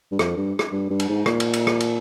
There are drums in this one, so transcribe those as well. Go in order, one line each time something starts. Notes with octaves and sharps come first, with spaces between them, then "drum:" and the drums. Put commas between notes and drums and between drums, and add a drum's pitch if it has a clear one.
G2
F2, drum: rim click
G2
drum: rim click
G2
G2
drum: cymbal
G#2
A#2, drum: rim click
drum: cymbal
drum: cymbal
drum: rim click
drum: cymbal